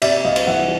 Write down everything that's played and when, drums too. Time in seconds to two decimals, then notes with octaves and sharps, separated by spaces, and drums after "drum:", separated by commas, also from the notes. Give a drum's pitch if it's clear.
0.02 C3 D5 E5, drum: cymbal
0.24 C2 D#5 F5
0.36 drum: cymbal
0.47 E3 E5 F#5